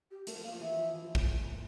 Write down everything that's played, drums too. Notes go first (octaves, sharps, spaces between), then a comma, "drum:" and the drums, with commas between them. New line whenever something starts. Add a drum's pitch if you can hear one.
G4
A3 A#4, drum: hi-hat
F3
A#3 F5
F3
E3 E5
F3
E3
F3
drum: kick